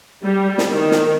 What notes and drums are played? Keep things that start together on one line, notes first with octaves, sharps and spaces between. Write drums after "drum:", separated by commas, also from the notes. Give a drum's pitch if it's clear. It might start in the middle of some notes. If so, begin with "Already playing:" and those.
G3
drum: snare
D#3
drum: snare